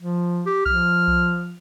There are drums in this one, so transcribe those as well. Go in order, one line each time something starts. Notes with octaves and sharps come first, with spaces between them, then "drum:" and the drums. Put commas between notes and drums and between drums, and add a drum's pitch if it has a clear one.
F3
G4
F3 F6, drum: kick B1
drum: kick B1